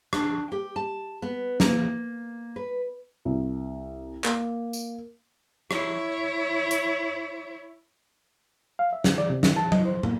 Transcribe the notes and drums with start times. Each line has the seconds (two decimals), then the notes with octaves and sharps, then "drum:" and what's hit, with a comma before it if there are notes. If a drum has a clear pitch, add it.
0.13 D4, drum: rim click
0.52 G4
0.76 A5
1.22 B3
1.60 A#3, drum: snare
2.56 B4
3.25 C2
4.24 A#3, drum: clap
4.73 drum: tambourine
5.71 E4 C#5, drum: rim click
6.71 drum: hi-hat
8.79 F5
8.93 E5
9.04 D3, drum: snare
9.18 D5
9.30 C3
9.43 D#3, drum: snare
9.57 A5
9.72 D#5, drum: tom F#3
9.85 C5
10.03 A#3, drum: tom